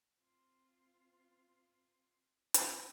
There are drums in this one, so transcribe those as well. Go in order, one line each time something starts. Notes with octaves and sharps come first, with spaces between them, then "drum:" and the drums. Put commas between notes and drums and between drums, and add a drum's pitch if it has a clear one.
C4 F4
drum: hi-hat